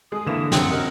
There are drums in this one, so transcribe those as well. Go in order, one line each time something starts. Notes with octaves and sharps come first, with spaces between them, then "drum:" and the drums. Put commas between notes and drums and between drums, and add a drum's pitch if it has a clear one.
G#3 G#4 D#6
D3 E3 A#3 E4 E7
F#2 C3 C4 F#5, drum: snare
A#4 D#5